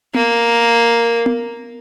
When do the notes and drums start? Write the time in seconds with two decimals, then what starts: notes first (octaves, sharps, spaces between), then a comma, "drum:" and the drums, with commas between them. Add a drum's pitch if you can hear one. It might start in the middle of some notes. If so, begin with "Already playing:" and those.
0.14 A#3, drum: tom B3
1.26 drum: tom B3